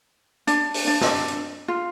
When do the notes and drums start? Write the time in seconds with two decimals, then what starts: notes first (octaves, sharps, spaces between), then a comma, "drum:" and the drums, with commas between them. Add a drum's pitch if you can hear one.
0.47 D4, drum: hi-hat
0.74 drum: open hi-hat
0.87 D4
1.01 drum: snare
1.28 drum: hi-hat
1.68 F4